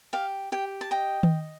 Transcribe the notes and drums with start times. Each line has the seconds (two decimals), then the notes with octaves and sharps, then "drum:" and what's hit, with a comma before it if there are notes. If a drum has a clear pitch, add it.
0.13 G4 F5
0.52 G4 G5
0.81 A5
0.91 D#5 G5
1.23 drum: tom D#3